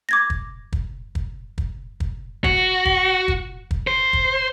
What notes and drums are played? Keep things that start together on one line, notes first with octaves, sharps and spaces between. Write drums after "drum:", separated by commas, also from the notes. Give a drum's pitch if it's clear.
D6 G#6 A#6
drum: kick
drum: kick
drum: kick
drum: kick
drum: kick
F#4, drum: kick
drum: kick
drum: kick
drum: kick
C5
drum: kick